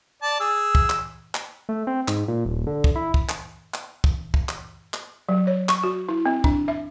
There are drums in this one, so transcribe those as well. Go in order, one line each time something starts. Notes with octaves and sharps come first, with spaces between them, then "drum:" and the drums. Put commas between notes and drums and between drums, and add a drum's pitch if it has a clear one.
D5 A5
G#4 E6
drum: kick
drum: clap
drum: clap
A3
C4
G#2, drum: clap
A#2
D#1
D3
drum: kick
E4
drum: kick
drum: clap
drum: clap
drum: kick
drum: kick
drum: clap
drum: clap
F#3
C#5
C#6, drum: clap
F#4
E4
C4
D4, drum: kick
E5